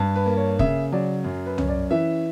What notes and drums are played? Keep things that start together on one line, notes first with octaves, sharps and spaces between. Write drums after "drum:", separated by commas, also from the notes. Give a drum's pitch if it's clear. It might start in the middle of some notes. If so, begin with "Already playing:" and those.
Already playing: G2
B4
A#3
C#5
C#3 E5, drum: kick
F#3 D5
F#2
B4
C#4, drum: tom C2
D5
E3 E5